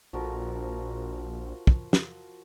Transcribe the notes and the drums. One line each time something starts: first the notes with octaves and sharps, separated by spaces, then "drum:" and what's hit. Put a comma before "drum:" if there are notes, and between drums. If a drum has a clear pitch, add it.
A#1 F3 F#4 A#4
drum: kick
drum: snare